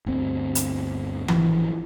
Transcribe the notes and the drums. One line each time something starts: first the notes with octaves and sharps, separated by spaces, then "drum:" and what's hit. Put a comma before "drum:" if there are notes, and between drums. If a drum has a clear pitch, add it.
G1 D2 C4
drum: hi-hat
G#1 E3 F3, drum: tom E3